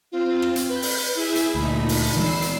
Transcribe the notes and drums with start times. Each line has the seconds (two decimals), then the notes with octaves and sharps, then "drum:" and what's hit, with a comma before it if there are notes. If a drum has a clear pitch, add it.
0.12 C4 F4
0.42 drum: rim click
0.56 drum: hi-hat
0.69 B4 G6
0.82 drum: open hi-hat
1.16 E4 G#4 E5 G#5
1.36 drum: hi-hat
1.55 D2 A#2 D#4 B5
1.89 drum: open hi-hat
2.16 E3 G#3 E6 C7
2.42 drum: hi-hat